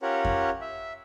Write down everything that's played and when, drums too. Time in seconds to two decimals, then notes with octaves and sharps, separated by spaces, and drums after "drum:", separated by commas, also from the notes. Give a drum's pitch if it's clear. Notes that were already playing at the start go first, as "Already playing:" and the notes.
0.02 C#4 F4 G4 A#4 C#5 F#5
0.25 drum: kick F2
0.61 E5